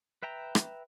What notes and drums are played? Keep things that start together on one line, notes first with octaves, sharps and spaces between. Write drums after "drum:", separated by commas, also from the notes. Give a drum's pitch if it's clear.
B4 E5 G5 A#5
drum: rim click